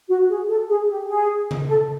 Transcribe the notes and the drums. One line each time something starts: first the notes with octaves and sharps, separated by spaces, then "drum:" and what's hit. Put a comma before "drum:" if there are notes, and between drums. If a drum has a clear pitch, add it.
F#4
G#4
A4
G#4
G4
G#4
drum: tom C#3
A4